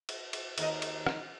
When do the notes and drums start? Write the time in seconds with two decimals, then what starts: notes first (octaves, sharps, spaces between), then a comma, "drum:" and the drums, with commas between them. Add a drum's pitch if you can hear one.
0.09 drum: cymbal
0.33 drum: cymbal
0.58 D#2 A#4 D#5, drum: cymbal
0.82 drum: cymbal
1.06 drum: rim click